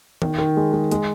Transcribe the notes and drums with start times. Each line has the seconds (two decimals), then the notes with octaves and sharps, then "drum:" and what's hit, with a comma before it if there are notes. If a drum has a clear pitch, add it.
0.22 D#3, drum: tom D#3
0.38 D#3
0.57 G#3
0.73 G#3
0.91 G#3, drum: hi-hat